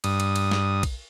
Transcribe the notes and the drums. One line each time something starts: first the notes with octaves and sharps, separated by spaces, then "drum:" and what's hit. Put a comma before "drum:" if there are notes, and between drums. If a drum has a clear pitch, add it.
G2 D#6, drum: cymbal
drum: cymbal
drum: cymbal
drum: snare
drum: kick B1, cymbal